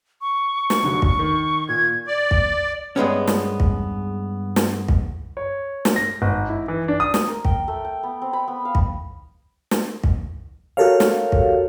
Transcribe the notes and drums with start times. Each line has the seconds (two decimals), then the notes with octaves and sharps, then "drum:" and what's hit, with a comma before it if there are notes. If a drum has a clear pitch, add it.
0.21 C#6
0.70 drum: snare
0.83 F1 D3 F#3
1.02 drum: kick
1.19 D#3
1.69 A#2 G#6
2.07 D5
2.31 drum: kick
2.96 G2 G#3 B3 C#4
3.28 drum: snare
3.60 drum: kick
4.56 drum: snare
4.88 drum: kick
5.37 C#5
5.85 drum: snare
5.96 A#6
6.22 G#1
6.49 E4
6.68 E3
6.88 D4
7.00 D#6
7.14 drum: snare
7.28 A#4
7.45 G5, drum: kick
7.68 A3
7.84 G5
8.03 B3
8.22 C4
8.33 B5
8.48 B3
8.65 F5
8.75 drum: kick
9.71 drum: snare
10.04 drum: kick
10.77 F#4 G4 A4 A#4 C#5 F5
11.00 drum: snare
11.32 drum: kick